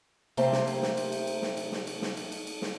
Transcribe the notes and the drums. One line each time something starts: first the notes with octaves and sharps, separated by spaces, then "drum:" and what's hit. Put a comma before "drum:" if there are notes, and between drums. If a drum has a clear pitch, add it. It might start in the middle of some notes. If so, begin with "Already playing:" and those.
C3 A3 A#3 G4 C5 G5, drum: cymbal
drum: snare
drum: cymbal
drum: snare
drum: cymbal
drum: cymbal
drum: cymbal
drum: snare
drum: cymbal
drum: snare
drum: cymbal
drum: snare
drum: cymbal
drum: cymbal
drum: cymbal
drum: snare